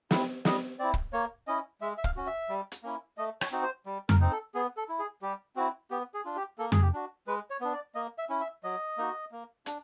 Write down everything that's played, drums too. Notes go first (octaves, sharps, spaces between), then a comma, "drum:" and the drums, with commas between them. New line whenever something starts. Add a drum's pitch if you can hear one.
C4 E4, drum: snare
G3 D#5, drum: snare
C4 E4 D5
drum: kick
A#3 C#5
C#4 E4 D#5
G#3 E5
E5
F5, drum: kick
C#4 F#4
E5
G3
drum: hi-hat
A#3 C#4 E4
A3 D#5
C#5, drum: rim click
C4 D#4 F#4
C5
G3
A#4, drum: tom F2
C4 D#4
A4
B3 G#4
A4
E4
G#4
G3 G4
C4 E4 F#4
B3 G4
G#4
D4 F4
G4
A#3 A4
G#4, drum: tom F2
G4
D4 F#4
G#3 B4
C#5
B3 D4
D5
A#3 D#5
E5
C#4 E4
E5
F#3 D#5
A#3 D#4 F#4
A#3
D4, drum: hi-hat